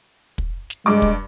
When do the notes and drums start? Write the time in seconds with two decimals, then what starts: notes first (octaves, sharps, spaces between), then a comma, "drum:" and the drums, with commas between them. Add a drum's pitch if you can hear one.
0.38 drum: kick
0.70 drum: snare
0.86 G2 G#3 D6
1.02 drum: kick